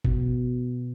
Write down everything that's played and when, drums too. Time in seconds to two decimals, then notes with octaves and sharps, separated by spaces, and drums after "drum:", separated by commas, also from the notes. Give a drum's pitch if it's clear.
0.05 B2, drum: kick F#1